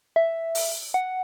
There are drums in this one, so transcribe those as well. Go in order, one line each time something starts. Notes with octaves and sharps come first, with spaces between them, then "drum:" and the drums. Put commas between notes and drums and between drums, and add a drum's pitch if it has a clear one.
E5
drum: open hi-hat
F#5